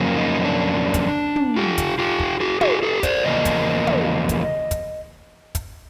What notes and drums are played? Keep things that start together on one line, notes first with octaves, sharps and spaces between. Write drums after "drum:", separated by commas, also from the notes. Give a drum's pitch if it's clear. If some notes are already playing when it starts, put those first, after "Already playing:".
Already playing: F2 C#3 F#3 A#3
D#4
D4
drum: kick, hi-hat
drum: tom
F4 G4
drum: kick, hi-hat
F4 G4
drum: kick
F#4 G#4
F#4 G#4, drum: tom
G4 A4
C5 D5, drum: kick, hi-hat
E2 C#3 F3 A#3 D#5
drum: kick, hi-hat
drum: tom
drum: kick, hi-hat
drum: kick, hi-hat
drum: kick, hi-hat